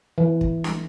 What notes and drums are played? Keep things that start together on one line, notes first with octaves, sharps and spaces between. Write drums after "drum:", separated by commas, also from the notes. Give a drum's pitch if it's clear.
E3
drum: kick
drum: snare